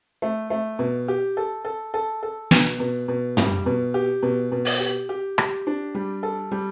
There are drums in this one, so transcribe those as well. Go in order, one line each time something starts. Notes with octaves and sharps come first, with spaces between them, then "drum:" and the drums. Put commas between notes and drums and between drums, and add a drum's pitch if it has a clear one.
A3
A3
B2
G4
A4
A4
A4
A4
B2, drum: snare
B2
B2
G3, drum: tom
B2
G4
B2
B2
drum: open hi-hat
G4
G4
G4, drum: rim click
D4
G3
A4
G3